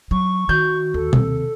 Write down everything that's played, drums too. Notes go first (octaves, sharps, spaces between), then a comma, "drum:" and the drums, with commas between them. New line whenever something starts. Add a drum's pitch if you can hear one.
F#3 C#6
D#3 F#4 G6
D#2 A4
D#2 C3, drum: tom B2